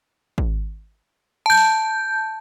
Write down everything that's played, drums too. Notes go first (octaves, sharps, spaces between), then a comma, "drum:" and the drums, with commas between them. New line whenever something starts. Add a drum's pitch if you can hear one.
drum: kick
A5 G6
drum: open hi-hat